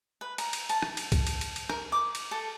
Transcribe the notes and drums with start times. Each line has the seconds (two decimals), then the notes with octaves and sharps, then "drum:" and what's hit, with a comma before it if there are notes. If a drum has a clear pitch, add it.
0.21 B4
0.38 A#5, drum: cymbal
0.53 drum: cymbal
0.69 A5, drum: cymbal
0.82 drum: rim click
0.97 drum: cymbal
1.12 drum: kick C2, cymbal
1.27 drum: cymbal
1.41 drum: cymbal
1.56 drum: cymbal
1.70 A#4, drum: rim click
1.92 D6
2.15 drum: cymbal
2.31 A4